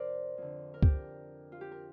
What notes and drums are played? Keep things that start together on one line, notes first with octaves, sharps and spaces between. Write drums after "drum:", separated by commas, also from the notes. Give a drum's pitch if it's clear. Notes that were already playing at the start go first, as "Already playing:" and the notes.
Already playing: F2 C3 A#4 C5 D5
F2 D3
A#4
G4, drum: kick C#2
F4
G4
A#4